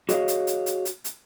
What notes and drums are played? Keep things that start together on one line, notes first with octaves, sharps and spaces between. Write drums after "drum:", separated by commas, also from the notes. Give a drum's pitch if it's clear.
F#4 G#4 C#5 D#5 F5, drum: hi-hat
drum: hi-hat
drum: hi-hat
drum: hi-hat
drum: hi-hat
drum: hi-hat